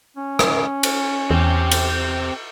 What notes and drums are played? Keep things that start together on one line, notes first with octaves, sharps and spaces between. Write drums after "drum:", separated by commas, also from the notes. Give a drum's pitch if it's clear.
C#4
drum: rim click
drum: cymbal
E2 C4 G4
drum: cymbal